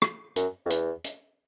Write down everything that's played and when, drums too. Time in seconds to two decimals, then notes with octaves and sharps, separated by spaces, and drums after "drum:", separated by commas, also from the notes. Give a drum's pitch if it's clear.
0.02 drum: rim click
0.36 F#2, drum: hi-hat
0.65 F2
0.70 E2, drum: hi-hat
1.04 drum: hi-hat